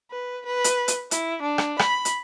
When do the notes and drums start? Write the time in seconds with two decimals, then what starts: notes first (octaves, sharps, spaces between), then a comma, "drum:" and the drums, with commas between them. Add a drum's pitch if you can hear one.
0.11 B4
0.46 B4
0.64 drum: hi-hat
0.88 drum: hi-hat
1.11 E4, drum: hi-hat
1.43 D4
1.58 drum: rim click
1.79 B5, drum: rim click
2.05 drum: hi-hat